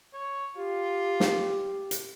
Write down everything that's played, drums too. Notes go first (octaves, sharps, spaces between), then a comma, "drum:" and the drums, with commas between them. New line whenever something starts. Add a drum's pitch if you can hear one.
C#5
F4 G4
drum: snare
drum: hi-hat